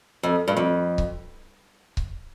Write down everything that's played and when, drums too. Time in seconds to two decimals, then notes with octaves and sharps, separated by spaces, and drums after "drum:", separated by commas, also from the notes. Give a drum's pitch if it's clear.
0.23 F2
0.48 G2
0.57 F2
0.98 drum: kick C#1
1.97 drum: kick C#1